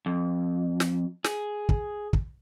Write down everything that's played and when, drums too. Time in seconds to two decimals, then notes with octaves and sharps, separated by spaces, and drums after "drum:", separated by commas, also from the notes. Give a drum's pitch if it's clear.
0.06 F2
0.80 drum: snare
1.24 G#4, drum: snare
1.69 drum: kick
2.13 drum: kick